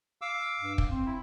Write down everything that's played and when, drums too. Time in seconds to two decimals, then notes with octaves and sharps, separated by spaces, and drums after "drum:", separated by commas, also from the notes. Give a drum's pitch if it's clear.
0.22 F5 D6 E6
0.60 G2
0.78 drum: kick
0.90 C4
1.06 E4